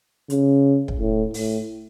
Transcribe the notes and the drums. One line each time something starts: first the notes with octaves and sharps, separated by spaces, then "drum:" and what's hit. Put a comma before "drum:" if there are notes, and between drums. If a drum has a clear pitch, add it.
C#3, drum: hi-hat
drum: kick
A2
A2, drum: open hi-hat